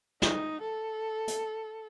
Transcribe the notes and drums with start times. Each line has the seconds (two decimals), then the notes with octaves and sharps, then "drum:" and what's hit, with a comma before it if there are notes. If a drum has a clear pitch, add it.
0.22 D#4, drum: snare
0.61 A4
1.28 drum: hi-hat